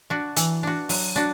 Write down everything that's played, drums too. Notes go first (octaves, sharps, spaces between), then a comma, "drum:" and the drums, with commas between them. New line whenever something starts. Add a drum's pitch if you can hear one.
D4 F#4
E3, drum: hi-hat
D4 F#4
F#3, drum: open hi-hat
D4 F#4